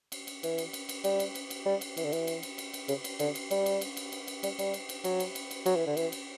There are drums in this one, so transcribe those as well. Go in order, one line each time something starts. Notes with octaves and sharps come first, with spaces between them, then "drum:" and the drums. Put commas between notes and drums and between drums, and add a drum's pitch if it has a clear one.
drum: cymbal
drum: cymbal
E3, drum: cymbal
drum: cymbal
drum: cymbal
drum: cymbal
G3, drum: cymbal
drum: cymbal
drum: cymbal
drum: cymbal
G3
drum: cymbal
E3, drum: cymbal
D3
E3, drum: cymbal
drum: cymbal
drum: cymbal
drum: cymbal
drum: cymbal
C#3, drum: cymbal
drum: cymbal
D3, drum: cymbal
drum: cymbal
G3, drum: cymbal
drum: cymbal
drum: cymbal
drum: cymbal
drum: cymbal
drum: cymbal
G3, drum: cymbal
G3, drum: cymbal
drum: cymbal
drum: cymbal
F#3, drum: cymbal
drum: cymbal
drum: cymbal
drum: cymbal
F#3, drum: cymbal
E3
D3
E3, drum: cymbal
drum: cymbal